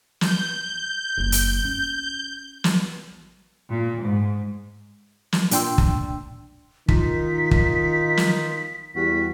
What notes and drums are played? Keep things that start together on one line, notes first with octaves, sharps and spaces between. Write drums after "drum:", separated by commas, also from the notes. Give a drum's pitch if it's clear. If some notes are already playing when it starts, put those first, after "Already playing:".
G6, drum: snare
F#1 A#3
drum: hi-hat
C#4
drum: snare
A#2
G#2
drum: snare
A#2 D4 G5 C6 E6, drum: hi-hat
drum: kick
D#3 D#4 F4 B6, drum: kick
drum: kick
drum: snare
E2 G3 F#4 B6